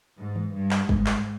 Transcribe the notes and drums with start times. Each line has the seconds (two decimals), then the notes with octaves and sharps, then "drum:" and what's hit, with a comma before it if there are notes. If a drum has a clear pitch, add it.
0.18 G#2
0.36 drum: tom D#3
0.53 G2
0.71 drum: clap
0.89 G#2, drum: kick
1.06 drum: clap